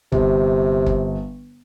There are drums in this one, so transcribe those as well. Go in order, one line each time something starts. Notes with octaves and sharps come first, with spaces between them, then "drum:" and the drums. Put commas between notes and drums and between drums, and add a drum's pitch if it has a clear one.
G1 C3, drum: kick
drum: kick